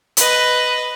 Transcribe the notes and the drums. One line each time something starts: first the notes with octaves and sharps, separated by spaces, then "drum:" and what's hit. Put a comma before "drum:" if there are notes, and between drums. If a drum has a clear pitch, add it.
B4 D#5, drum: hi-hat